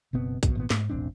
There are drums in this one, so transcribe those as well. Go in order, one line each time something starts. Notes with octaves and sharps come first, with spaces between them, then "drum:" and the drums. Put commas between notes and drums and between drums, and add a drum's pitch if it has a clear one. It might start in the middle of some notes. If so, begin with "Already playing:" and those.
F#1 B2 B3 C4
G#1 B2, drum: kick B1, hi-hat
G#1 A#2 B3
G#2, drum: snare
E1 A1 C4 D4